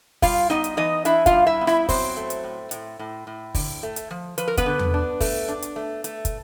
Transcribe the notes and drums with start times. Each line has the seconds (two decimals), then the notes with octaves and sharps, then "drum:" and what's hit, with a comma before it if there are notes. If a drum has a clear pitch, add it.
0.22 G3 F4 F5, drum: kick, open hi-hat
0.50 B3 D#4 D#5
0.64 drum: hi-hat
0.77 E3 D#4 D#5
1.05 D4 E4 E5, drum: hi-hat
1.26 F4 F5, drum: kick, hi-hat
1.33 G3
1.47 E4 E5
1.61 B3
1.67 E4 E5, drum: rim click
1.89 F#3 C4 C5, drum: kick, open hi-hat
2.17 A3
2.30 drum: hi-hat
2.43 A2
2.71 A2, drum: hi-hat
2.99 A2
3.27 A2
3.55 D3, drum: kick, open hi-hat
3.83 A3
3.96 drum: hi-hat
4.11 F3
4.38 F3 B4, drum: hi-hat
4.48 A#4
4.57 B3 B4, drum: kick, hi-hat
4.66 D3
4.79 drum: tom E2
4.94 D4
5.20 A3, drum: kick, open hi-hat
5.48 D4
5.62 drum: hi-hat
5.76 A3
6.04 A3, drum: hi-hat
6.25 drum: kick, hi-hat